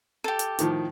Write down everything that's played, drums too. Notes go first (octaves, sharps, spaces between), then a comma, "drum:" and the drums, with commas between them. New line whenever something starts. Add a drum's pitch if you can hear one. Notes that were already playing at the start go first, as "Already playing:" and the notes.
G4 A4
drum: hi-hat
A2 D#3 F3, drum: hi-hat